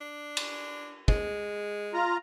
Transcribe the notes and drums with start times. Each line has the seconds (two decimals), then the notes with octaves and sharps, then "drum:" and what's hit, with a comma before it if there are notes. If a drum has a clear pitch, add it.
0.01 D4
0.37 drum: cymbal
1.08 G#3, drum: kick
1.94 F4 A#5